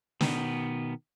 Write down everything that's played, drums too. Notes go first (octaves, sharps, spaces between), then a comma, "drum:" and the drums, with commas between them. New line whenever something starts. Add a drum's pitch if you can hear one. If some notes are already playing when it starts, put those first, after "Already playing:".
B2 D#3 B3, drum: snare